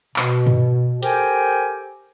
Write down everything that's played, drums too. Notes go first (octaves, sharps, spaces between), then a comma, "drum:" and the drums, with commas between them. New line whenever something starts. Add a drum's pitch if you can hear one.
B2, drum: clap
drum: tom G2
G4 A4 A#4 C5 G5 G#5, drum: hi-hat